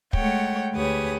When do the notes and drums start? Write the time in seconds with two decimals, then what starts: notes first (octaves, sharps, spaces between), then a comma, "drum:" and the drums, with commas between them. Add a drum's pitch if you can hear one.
0.13 G#3 A3 C#5 F#5 G5, drum: kick
0.73 D2 G4 G#4 B4 C#5 D#6